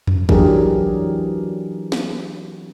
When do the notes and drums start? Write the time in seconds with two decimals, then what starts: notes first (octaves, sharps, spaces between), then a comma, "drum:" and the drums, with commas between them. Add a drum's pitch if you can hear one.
0.07 drum: tom F2
0.29 E3 F#3 D4 G4 G#4 A#4, drum: kick
1.92 drum: snare